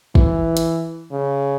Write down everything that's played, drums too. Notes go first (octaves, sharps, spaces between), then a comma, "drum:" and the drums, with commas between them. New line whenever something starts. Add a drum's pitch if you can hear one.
E3, drum: kick
drum: hi-hat
C#3